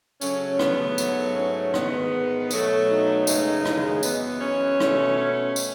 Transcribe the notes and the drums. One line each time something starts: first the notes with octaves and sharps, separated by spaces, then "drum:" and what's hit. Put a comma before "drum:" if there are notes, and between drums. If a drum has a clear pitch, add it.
C#3 F#3 A3 C#4, drum: tambourine
B3, drum: rim click
G#2 F#3 A3, drum: tambourine
C#4
G#2 D#3 G#3 B3, drum: rim click
B2 F#3 A3, drum: tambourine
D#4
F#2 C#3 E3 G#3, drum: tambourine
drum: rim click
F#2 E3 G#3 B3, drum: tambourine
C#4
B2 A3, drum: rim click
C#4
drum: tambourine